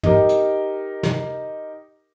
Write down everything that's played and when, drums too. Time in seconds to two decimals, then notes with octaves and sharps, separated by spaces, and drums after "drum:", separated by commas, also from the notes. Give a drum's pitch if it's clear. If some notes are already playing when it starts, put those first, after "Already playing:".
0.03 D#4 G4 A#4, drum: tom
0.29 drum: hi-hat
1.03 drum: snare